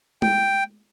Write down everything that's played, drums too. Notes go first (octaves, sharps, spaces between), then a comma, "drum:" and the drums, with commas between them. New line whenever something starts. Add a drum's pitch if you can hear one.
G5, drum: tom G#3